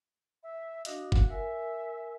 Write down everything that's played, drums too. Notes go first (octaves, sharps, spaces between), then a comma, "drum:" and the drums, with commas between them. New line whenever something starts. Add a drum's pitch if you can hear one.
E5
D4 F#4 D#5 F5, drum: hi-hat
F#5, drum: kick
A#4 E5 G#5